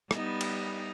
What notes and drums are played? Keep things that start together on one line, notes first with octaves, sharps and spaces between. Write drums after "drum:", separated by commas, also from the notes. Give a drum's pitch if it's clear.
G3 B3 D#4, drum: rim click
drum: cymbal